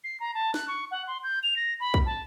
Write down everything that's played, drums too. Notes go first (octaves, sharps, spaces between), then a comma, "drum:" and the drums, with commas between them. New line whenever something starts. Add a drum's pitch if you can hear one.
C7
A#5
A5
F#6, drum: snare
C#6
F#5
C6
G6
F7
A#6
B5
drum: kick
A5